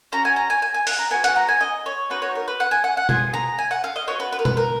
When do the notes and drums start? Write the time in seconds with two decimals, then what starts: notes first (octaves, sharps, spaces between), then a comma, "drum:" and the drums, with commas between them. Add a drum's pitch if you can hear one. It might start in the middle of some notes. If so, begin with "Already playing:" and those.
0.12 C#4 F#4 A#5
0.25 G#5
0.36 A#5
0.50 G#5
0.62 G#5
0.74 G#5
0.87 F#5, drum: open hi-hat
0.98 A#5
1.11 B3 F#4 G#5
1.24 F#5, drum: hi-hat
1.36 A#5
1.49 G#5
1.61 D#5
1.86 C#5
2.10 B3 D#4 F#4 B4
2.22 C#5
2.35 A#4
2.48 B4
2.60 F#5
2.71 G#5
2.84 F#5
2.97 F#5
3.09 B3 F4 G#4 G#5, drum: tom B2
3.34 A#5
3.58 G#5
3.71 F#5
3.84 F5
3.96 D#5
4.07 B3 F#4 C#5
4.20 B4
4.32 B4
4.39 A#4
4.45 B4, drum: tom B2
4.57 A#4